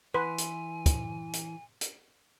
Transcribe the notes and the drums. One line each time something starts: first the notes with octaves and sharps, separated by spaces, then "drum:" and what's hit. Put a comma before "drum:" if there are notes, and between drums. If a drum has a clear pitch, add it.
E3 B4 G#5 C6 B6
drum: hi-hat
drum: kick, hi-hat
drum: hi-hat
drum: hi-hat